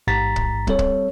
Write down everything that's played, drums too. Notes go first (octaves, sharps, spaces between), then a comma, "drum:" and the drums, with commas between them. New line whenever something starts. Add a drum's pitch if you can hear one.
A1 G#2 A#5 A6 B6
drum: kick
G3 C4 A4 C#5, drum: kick
drum: kick